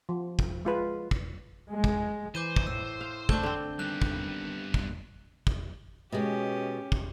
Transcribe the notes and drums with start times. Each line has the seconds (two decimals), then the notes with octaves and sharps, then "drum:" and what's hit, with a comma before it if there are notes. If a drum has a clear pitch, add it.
0.09 F3
0.39 drum: kick
0.65 G#3 F4 B4
1.11 drum: kick
1.69 G#3
1.84 drum: kick
2.35 E3 C5 D6 G6 D#7
2.56 drum: kick
2.67 A2 E6
3.01 F5
3.29 A3 C4 D4 D6 G6 G7, drum: kick
3.43 D3 A3 C4
3.79 G2 D#3 B3 F#6
4.02 drum: kick
4.74 drum: kick
5.47 drum: kick
6.12 B2 G#3 C#4 G4
6.92 drum: kick